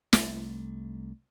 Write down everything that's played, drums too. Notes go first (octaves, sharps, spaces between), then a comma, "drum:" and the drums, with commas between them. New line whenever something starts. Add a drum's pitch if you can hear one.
C2 A3, drum: snare